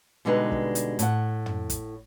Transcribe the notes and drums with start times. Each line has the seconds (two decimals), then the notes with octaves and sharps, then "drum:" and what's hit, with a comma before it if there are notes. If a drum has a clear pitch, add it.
0.25 B2 D3 G3 G#3 D#4 B4
0.52 drum: kick
0.75 drum: hi-hat
0.99 A2 F#5, drum: hi-hat
1.46 drum: tom
1.70 drum: kick, hi-hat